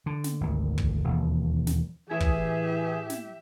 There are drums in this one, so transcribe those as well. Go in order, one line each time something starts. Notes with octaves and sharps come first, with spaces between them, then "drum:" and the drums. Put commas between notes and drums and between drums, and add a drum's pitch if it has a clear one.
D3
drum: snare
G#1 D2
drum: kick
E1 D#2
drum: snare
A2 E3 E4 G4 G#4 E5 G#6
drum: kick
drum: snare